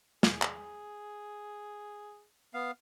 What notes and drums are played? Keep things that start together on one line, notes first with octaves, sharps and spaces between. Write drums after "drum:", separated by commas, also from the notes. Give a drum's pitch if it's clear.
G#4, drum: snare
drum: clap
B3 F5